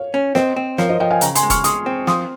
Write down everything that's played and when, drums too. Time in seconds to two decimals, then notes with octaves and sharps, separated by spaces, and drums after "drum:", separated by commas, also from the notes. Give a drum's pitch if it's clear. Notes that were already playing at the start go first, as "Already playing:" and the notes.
Already playing: C#5 F5
0.14 C#4
0.35 C4 C5 D#5, drum: snare
0.56 C4
0.78 F3 A#4 C#5, drum: snare
0.89 C5 D#5
1.00 F3 D#5 G5
1.10 F5 G#5
1.21 C#3 G5 A#5, drum: hi-hat
1.35 G#5 C6, drum: hi-hat
1.43 G#3
1.50 C#6 F6, drum: kick F1, hi-hat
1.64 G#3 C6 D#6, drum: hi-hat
1.86 C4
2.07 F3 C6 D#6, drum: snare